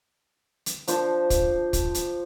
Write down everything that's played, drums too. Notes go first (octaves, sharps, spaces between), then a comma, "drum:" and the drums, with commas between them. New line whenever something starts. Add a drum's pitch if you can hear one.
drum: hi-hat
F3 D4 C5 A5, drum: hi-hat
drum: kick, hi-hat
drum: kick, hi-hat
drum: hi-hat